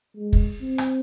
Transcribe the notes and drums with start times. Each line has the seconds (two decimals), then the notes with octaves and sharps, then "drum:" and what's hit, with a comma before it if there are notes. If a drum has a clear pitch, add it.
0.17 G#3
0.33 drum: kick
0.62 C4
0.78 drum: rim click